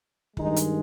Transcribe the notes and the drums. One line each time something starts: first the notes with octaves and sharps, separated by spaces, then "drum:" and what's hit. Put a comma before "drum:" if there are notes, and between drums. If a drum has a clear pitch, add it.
G2 D#3 G#3 D#4, drum: kick
drum: hi-hat